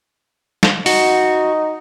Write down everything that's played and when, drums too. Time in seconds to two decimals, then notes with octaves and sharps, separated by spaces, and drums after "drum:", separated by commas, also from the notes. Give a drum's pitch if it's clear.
0.63 drum: snare
0.86 D#4 F#4, drum: open hi-hat